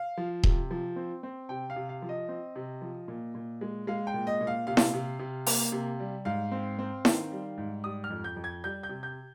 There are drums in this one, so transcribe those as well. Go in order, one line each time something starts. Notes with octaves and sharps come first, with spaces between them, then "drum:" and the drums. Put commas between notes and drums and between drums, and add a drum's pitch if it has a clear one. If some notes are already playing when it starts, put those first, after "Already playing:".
Already playing: F5
F3
C3, drum: kick D#1
F3
C4
C4
C3 G5
F5
C3
F5
F3
D#5
C4
C3
F3
A#2
A#2
G#3
G#3 F5
G5
A#2
D#5
A#2
F5
C3 F5
drum: snare E4
C3
C3
A#3, drum: open hi-hat
C3
G3
G#2 F5
C4
C4
D#3, drum: snare E4
G3
G#2
G3 D#6
F6
F2
G6
F2
G#6
G3 G6
G6
C3
G6